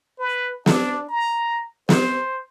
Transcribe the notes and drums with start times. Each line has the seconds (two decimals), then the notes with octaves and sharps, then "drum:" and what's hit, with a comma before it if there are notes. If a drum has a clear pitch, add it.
0.19 B4
0.66 D4, drum: snare
1.08 A#5
1.89 C5, drum: snare